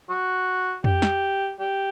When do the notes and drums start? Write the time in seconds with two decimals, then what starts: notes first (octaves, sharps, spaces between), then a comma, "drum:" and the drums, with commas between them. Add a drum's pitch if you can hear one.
0.10 F#4
0.84 G4, drum: tom F2
1.02 drum: snare
1.59 G4